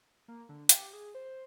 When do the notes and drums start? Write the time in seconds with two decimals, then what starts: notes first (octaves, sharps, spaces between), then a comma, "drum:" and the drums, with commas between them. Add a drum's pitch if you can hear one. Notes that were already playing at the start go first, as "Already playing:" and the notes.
0.28 A#3
0.49 D3
0.69 G4, drum: hi-hat
0.93 G#4
1.15 C5